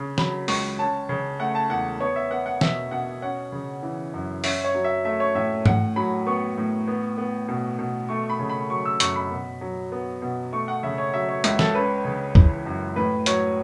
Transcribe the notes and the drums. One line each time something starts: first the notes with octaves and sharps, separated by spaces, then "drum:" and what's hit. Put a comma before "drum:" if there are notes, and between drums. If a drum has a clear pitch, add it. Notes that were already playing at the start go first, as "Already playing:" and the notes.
Already playing: C#3 C#4
F#3 B5, drum: snare
C#2 C#6, drum: open hi-hat
C#4 A5
C#3
A3 F#5
A5
E2 F#5
B3 C#5
E5
B3 F#5
F#5
B2 E5, drum: snare
B2 F#5
C#4 F#5
C#3
E3
F#2
C#4 E5, drum: open hi-hat
C#5
F#3
E5
A3 E5
C#5
A2 E5
A2 F#5, drum: tom G#2
F#3 B5
B3 C#6
A2
B3
B3
B2
B2
A3 C#6
B5
C#3
B5
F#3 C#6
E6
F#2 C#6, drum: hi-hat
B5
B2
F#3
B3
B2
A3 C#6
F#5
C#3 E5
C#5
F#3 E5
C#5
C#2 E5, drum: hi-hat
A4, drum: snare
C#4 B4
C#3
E3, drum: kick
F#2
A2 B4
F#3 C#5, drum: hi-hat